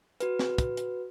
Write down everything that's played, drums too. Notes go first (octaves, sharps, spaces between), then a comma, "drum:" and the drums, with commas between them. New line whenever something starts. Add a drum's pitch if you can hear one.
F#4 B4, drum: hi-hat
drum: snare
drum: kick, hi-hat
drum: hi-hat